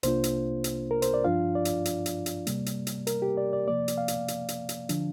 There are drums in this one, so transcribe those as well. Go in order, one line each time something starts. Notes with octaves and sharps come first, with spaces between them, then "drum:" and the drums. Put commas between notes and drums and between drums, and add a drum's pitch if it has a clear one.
C2 C3 A#3 D4 F4 C5, drum: hi-hat
drum: hi-hat
drum: hi-hat
A#4
C5, drum: hi-hat
D5
G2 F3 D4 F4 F5
D5
drum: hi-hat
drum: hi-hat
drum: hi-hat
drum: hi-hat
C3 G3 A#3, drum: hi-hat
drum: hi-hat
drum: hi-hat
A#4, drum: hi-hat
G4
D5
D5
C3 F3 A#3 D5
drum: hi-hat
F5
drum: hi-hat
drum: hi-hat
drum: hi-hat
drum: hi-hat
D3 F3 D4, drum: hi-hat